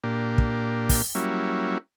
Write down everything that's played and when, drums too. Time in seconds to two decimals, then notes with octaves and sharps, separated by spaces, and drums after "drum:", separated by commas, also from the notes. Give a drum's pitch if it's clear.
0.04 A#2 A#3 D4 G4
0.38 drum: kick
0.89 drum: kick, open hi-hat
1.15 F#3 G3 A#3 C#4 E4